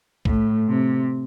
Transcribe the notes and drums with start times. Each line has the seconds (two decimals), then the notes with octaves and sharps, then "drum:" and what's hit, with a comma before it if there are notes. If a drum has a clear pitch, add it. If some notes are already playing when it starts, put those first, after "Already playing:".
0.25 A2, drum: kick
0.69 C3